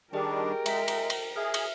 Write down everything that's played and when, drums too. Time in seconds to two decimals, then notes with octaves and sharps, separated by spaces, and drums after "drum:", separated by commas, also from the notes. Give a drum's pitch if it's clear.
0.13 D#3 G3 D4 G4 G#4 A#4 D#5 G5
0.66 G#3 E5 A#5 B6, drum: cymbal
0.88 drum: cymbal
1.10 drum: cymbal
1.36 G#4 E5 F6
1.54 drum: cymbal